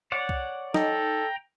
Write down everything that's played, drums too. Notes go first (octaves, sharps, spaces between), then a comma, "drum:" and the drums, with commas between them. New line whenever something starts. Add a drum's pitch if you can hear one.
C#5 D5 F#5
drum: kick C2
D#4 A4 G5 A#5, drum: snare